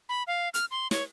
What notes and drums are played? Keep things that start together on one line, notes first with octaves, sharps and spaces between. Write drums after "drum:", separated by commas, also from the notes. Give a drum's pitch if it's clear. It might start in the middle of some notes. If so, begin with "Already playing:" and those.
B5
F5
F6, drum: hi-hat
C6
C#5, drum: snare